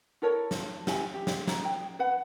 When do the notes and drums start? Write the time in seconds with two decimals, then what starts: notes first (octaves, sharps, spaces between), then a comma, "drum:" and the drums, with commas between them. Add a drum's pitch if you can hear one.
0.22 E4 A4 A#4 C#5
0.51 drum: snare
0.87 E4 G4 G#5, drum: snare
1.14 G4
1.27 drum: snare
1.47 A#5, drum: snare
1.65 G5
1.99 B4 F#5